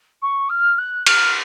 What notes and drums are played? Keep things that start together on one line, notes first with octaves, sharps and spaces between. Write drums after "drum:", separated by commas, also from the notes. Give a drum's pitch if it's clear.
C#6
F6
F#6
F6, drum: cymbal